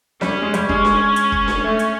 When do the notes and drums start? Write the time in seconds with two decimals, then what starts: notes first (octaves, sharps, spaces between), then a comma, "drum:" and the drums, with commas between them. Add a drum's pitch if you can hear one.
0.21 G3 C#4, drum: snare D4
0.42 G#3
0.54 G3, drum: hi-hat
0.69 G#3 C#4, drum: kick
0.85 drum: snare D4
1.16 drum: hi-hat
1.32 drum: kick
1.48 drum: snare D4
1.64 A3
1.79 drum: hi-hat